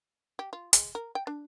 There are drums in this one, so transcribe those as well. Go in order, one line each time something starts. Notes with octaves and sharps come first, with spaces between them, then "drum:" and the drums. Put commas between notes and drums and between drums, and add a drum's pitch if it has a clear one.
G4
F4
G#3, drum: hi-hat
A#4
G5
D4